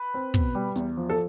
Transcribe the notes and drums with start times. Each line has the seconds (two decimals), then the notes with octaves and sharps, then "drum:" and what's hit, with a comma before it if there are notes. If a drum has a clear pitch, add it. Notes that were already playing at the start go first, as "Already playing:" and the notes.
Already playing: B4
0.14 C4
0.34 B2, drum: kick
0.55 G3
0.75 E2, drum: hi-hat
0.97 F3
1.10 A4